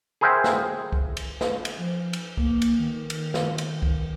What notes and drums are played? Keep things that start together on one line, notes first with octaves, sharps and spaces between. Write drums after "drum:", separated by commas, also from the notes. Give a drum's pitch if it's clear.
G#4 A#4 C5 E5 F#5 G5
drum: snare
drum: kick
drum: cymbal
drum: snare
drum: cymbal
F3
drum: cymbal
A#3, drum: kick
drum: cymbal
D#3
drum: cymbal
drum: snare
drum: cymbal
drum: kick